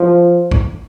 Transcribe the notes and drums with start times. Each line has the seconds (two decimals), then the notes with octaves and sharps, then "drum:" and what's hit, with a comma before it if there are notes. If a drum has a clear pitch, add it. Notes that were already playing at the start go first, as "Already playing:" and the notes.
Already playing: F3
0.51 drum: kick